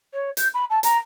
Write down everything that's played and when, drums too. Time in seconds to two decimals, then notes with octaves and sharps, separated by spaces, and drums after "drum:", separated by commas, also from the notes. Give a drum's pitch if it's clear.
0.13 C#5
0.37 G6, drum: hi-hat
0.54 B5
0.70 A5
0.83 A#5, drum: hi-hat